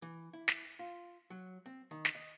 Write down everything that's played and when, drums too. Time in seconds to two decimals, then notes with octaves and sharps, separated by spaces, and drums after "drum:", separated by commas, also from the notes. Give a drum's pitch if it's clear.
0.02 E3
0.33 E4
0.48 drum: snare
0.79 F4
1.30 F#3
1.66 C4
1.91 D#3
2.05 drum: snare
2.15 D#5